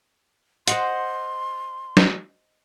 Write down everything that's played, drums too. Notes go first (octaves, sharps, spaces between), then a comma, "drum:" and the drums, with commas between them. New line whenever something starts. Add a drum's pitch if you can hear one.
C5 D#5 F#5 C6, drum: hi-hat
drum: snare